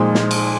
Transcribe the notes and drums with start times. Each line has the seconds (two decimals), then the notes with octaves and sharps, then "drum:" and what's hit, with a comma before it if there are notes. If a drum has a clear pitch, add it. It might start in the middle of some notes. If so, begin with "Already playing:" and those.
Already playing: A#2 F3 G#3 D#4
0.15 drum: snare
0.31 drum: cymbal